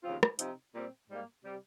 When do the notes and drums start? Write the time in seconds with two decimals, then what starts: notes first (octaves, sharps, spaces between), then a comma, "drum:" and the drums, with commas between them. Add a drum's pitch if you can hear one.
0.03 D#2 C#3 F3 C4 F4
0.23 drum: rim click
0.39 C3 F3 C4 D#4, drum: hi-hat
0.74 A#2 G3 C4
1.09 G#2 G3 A#3
1.45 C3 G3